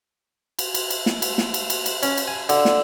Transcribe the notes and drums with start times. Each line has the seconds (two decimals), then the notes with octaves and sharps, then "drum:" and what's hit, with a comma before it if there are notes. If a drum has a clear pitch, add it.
0.59 drum: cymbal
0.74 drum: cymbal
0.90 drum: cymbal
1.06 drum: snare
1.22 drum: cymbal
1.38 drum: snare
1.54 drum: cymbal
1.70 drum: cymbal
1.86 drum: cymbal
2.03 C#4, drum: cymbal
2.17 drum: cymbal
2.28 G#5
2.49 D3, drum: cymbal
2.65 drum: snare